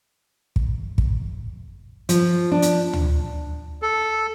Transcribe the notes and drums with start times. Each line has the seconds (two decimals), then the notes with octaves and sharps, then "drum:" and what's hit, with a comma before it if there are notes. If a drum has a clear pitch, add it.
0.56 drum: kick
0.98 drum: kick
2.09 F3, drum: hi-hat
2.52 D4
2.62 drum: hi-hat
2.93 drum: tom D2
3.82 A4